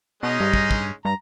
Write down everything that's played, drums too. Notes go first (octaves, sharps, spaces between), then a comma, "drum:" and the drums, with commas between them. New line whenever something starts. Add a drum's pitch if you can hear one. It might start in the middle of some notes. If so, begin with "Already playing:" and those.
B2 G#3 C#4 D#4
G2
drum: kick
drum: kick
G2 A#5